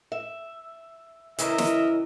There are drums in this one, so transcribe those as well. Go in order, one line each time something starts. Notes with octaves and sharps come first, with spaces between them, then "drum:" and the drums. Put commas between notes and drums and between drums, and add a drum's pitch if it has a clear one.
E5
C#3 E3 A#4 D#5 E5, drum: hi-hat
drum: snare